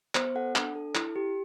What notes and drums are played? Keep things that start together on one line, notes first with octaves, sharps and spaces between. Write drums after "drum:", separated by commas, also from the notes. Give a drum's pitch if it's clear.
B3 C5, drum: clap
A4 F#5
D4, drum: clap
A4
E4, drum: clap
G4